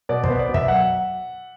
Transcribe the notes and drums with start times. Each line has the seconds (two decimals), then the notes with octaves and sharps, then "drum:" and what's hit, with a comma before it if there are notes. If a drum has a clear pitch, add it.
0.09 B2 D5
0.24 C5, drum: kick
0.29 B3
0.39 D5
0.49 B2
0.54 E5, drum: kick
0.68 F#3 F#5